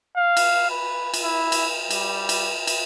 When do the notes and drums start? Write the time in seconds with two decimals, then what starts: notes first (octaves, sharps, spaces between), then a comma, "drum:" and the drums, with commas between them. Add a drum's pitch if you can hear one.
0.16 F5
0.37 drum: cymbal
0.70 B4
1.14 drum: cymbal
1.23 E4
1.52 drum: cymbal
1.90 G3, drum: cymbal
2.29 drum: cymbal
2.67 drum: cymbal